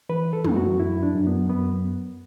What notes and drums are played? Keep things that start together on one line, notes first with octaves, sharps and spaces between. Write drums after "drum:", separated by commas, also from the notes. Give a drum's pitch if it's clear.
E3 B4
A4
F#2, drum: tom
F#4
F#2 E4
D4
F#2
B3
F#2 B3